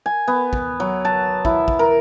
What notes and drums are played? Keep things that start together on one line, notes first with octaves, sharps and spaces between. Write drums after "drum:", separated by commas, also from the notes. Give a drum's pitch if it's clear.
G#5
B3
drum: kick
F#3
A5
E4, drum: kick
drum: kick
A#4